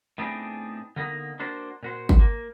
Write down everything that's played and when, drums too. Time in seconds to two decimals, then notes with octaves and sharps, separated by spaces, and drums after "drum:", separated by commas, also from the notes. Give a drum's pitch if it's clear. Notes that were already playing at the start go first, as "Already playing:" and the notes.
0.18 A2 B3 C4 D4 D#4 G#4
0.96 D3 A#3 B3 D#4
1.39 A#3 D4 F#4 C5
1.83 A#2 F#4 C5
2.09 drum: kick
2.19 A#3